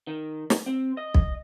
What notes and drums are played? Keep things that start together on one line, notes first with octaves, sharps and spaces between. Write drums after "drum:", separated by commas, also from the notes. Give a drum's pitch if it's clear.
D#3
drum: snare
C4
D#5
drum: kick